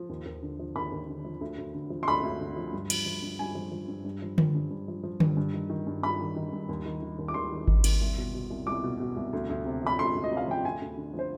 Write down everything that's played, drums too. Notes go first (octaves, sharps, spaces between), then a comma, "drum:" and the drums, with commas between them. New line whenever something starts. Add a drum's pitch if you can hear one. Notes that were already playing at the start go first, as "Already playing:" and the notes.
Already playing: F3
D#2
D#2
D3
F3
D#2 B5
D#2
D3
F3
D2
D2
D3
F3
C6
D2 B5
D2
D3
F3
G2
F3, drum: cymbal
F3
G2
G2 G#5
F3
F3
G2
G2
F3
F3, drum: tom D3
G2
G2
F3
F3
G2, drum: tom D3
G2
D#3
D#3
G2
G2 B5
D#3
D#3
G2
D#2
D#3
D#3
D#2
D6
D#2 C6
D#3
D#3, drum: kick G#1
D#2, drum: cymbal
C2
B2
B2
C2
C2 D6
B2
B2
C2
D2
D2
C3
F3 B5
D2 C6
D2
D#5
C3
F5
F3 G5
D2 G#5
D2
D3
F3
C5